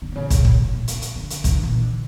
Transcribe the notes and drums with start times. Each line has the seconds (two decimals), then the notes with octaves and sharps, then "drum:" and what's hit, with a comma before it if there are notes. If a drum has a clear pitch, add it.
0.02 D3
0.12 A#2
0.16 C#3
0.30 A#2, drum: kick, hi-hat
0.45 drum: kick
0.60 A2
0.73 A2
0.88 C#3, drum: hi-hat
1.02 drum: hi-hat
1.16 D3
1.30 drum: hi-hat
1.44 E3, drum: kick, hi-hat
1.54 D3
1.63 A#2
1.73 E3
1.82 D3